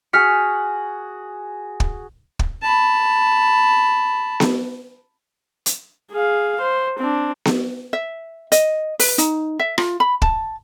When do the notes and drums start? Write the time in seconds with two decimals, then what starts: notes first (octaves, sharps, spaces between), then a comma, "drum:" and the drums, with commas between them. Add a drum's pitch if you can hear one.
0.13 F#4 G#4 F6 B6 C#7
1.80 drum: kick
2.39 drum: kick
2.62 A5 B5
4.40 drum: snare B3
5.66 drum: hi-hat
6.11 G#4 F5
6.61 C5
6.99 C4 D4
7.45 drum: snare B3
7.93 E5
8.52 D#5, drum: hi-hat
8.99 B4, drum: open hi-hat
9.18 D#4, drum: hi-hat
9.59 E5
9.78 F4, drum: rim click
10.00 B5
10.22 A5, drum: kick